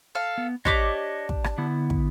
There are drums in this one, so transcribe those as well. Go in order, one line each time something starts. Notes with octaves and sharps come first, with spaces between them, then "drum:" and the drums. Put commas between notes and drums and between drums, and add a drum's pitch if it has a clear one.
A4 F5
B3
D4 G4 C#5 D#5 D6, drum: kick
drum: kick
drum: rim click
D3 B3 E4
drum: kick